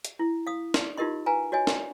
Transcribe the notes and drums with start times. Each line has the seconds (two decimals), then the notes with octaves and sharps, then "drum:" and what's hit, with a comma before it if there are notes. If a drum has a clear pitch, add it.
0.05 drum: hi-hat
0.19 E4
0.47 F5 D#6
0.74 drum: snare
0.98 D#4 F4 G4 A#4 D#5 C6
1.26 B4 F5 G#5 A#5
1.52 F#4 C#5 D#5 G#5
1.67 drum: snare